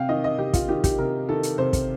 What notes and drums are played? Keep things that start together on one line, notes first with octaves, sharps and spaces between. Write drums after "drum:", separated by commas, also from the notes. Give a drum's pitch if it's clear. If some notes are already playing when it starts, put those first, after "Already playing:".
Already playing: C3 F5 G5
D#3 D#5
D#5
C3 G4
F4, drum: kick, hi-hat
D#3 G4
G4, drum: kick, hi-hat
C3 A#4
D#3 A4
drum: hi-hat
C3 C5
drum: kick, hi-hat